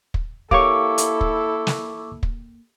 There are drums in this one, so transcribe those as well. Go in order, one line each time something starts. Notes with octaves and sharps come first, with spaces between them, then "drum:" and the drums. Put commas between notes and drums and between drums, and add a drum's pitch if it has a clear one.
drum: kick
A#3 E4 G4 A4 C#5 C#6 D6, drum: kick
drum: hi-hat
drum: kick
drum: snare
drum: kick